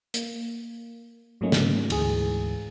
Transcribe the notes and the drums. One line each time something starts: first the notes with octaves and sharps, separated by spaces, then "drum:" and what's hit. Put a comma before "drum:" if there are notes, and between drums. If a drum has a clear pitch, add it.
A#3, drum: hi-hat
G#2 F#3 A3 A#3 C#4 D#4
drum: snare
D2 G#2 E3 G#4, drum: cymbal